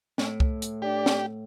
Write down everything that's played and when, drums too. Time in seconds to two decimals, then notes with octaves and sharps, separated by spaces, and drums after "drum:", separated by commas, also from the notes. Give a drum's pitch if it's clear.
0.18 A2, drum: snare
0.40 drum: kick C2
0.62 drum: hi-hat
0.82 D4 G4 D5
1.06 drum: snare